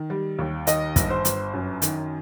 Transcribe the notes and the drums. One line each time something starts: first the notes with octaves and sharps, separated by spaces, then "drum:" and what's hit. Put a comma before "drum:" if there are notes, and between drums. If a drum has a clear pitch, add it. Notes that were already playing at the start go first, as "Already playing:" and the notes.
Already playing: D#3
G3
D#2
D#3 D#5, drum: hi-hat
G1, drum: kick, hi-hat
C5
G1, drum: hi-hat
F#2
D#3, drum: hi-hat